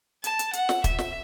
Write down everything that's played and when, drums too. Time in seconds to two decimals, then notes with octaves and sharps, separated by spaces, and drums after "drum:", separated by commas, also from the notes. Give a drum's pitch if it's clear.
0.24 A5, drum: hi-hat
0.39 drum: hi-hat
0.53 F#5, drum: hi-hat
0.69 drum: snare
0.84 E5, drum: kick, hi-hat
0.98 drum: snare